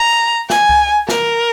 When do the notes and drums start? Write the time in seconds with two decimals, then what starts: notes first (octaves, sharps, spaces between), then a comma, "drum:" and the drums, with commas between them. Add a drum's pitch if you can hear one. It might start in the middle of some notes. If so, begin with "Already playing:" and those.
Already playing: A#5
0.50 G#5, drum: snare
0.69 drum: kick C2
1.09 A#4, drum: snare